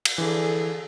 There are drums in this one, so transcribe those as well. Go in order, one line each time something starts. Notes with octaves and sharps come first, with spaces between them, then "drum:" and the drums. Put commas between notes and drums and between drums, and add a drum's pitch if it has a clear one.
drum: cymbal
D3 E3 F3 G#4 A4